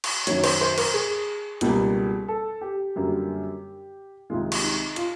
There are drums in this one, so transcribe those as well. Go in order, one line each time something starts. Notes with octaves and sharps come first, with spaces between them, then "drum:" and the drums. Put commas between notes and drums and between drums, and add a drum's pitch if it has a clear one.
drum: cymbal
F#2 D#3 F#3 C#5, drum: hi-hat
C5, drum: cymbal
C5
A#4, drum: cymbal
G#4
C#2 B2 G3 A#3, drum: hi-hat
A4
G4
F#2 D3 G3 A#3
C2 C3 D#3 G#3 F4
drum: cymbal
D#4
F4, drum: hi-hat